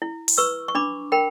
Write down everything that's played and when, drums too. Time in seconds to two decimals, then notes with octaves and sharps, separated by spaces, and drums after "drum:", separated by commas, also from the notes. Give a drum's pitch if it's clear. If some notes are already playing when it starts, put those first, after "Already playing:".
0.02 E4
0.28 drum: open hi-hat
0.38 B4 C#6 E6
0.68 C#6
0.75 D4 B5 D6
1.12 A#4 G5 B5